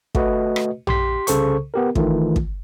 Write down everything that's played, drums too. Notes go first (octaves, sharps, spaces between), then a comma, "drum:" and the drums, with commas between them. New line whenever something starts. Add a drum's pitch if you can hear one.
A3 F#4 B4 D#5, drum: kick
drum: rim click
G4 C6 B6, drum: tom A#1
C2 C#3 A4 C5 C#6, drum: hi-hat
B3 G4 A#4
D#3 E3 A3 F4, drum: kick
drum: kick